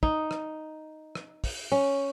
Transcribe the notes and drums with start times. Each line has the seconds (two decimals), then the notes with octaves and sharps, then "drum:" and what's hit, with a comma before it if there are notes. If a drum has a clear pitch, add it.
0.03 D#4, drum: kick
0.31 drum: rim click
1.15 drum: rim click
1.44 drum: kick, open hi-hat
1.72 C#4